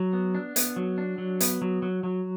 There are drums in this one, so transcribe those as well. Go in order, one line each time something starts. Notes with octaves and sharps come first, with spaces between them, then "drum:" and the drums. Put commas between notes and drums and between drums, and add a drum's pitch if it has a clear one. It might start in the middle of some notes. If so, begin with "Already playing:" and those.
Already playing: F#3
B3
D4
B3, drum: hi-hat
F#3
D4
F#3
B3, drum: hi-hat
F#3
F#3
F#3